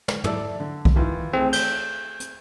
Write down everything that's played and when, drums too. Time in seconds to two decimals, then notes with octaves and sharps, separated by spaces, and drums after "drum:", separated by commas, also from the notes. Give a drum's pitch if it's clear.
0.08 drum: snare
0.24 E4 A4 D5, drum: tom
0.60 D3
0.85 drum: kick B1
0.96 D#3 E3 F4
1.33 A3 C4 G#4
1.53 G6, drum: cymbal
2.20 drum: hi-hat